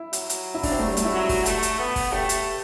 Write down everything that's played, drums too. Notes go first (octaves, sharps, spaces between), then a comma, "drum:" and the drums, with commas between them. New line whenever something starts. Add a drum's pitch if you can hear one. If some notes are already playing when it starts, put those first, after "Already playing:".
Already playing: E4
F#3, drum: hi-hat
drum: hi-hat
E4
D4, drum: kick, open hi-hat
C4
A3
G3
A3, drum: hi-hat
E4
F#3 F#4
drum: kick, open hi-hat
A3, drum: hi-hat
drum: hi-hat
B3
drum: kick, open hi-hat
A3 G4
drum: hi-hat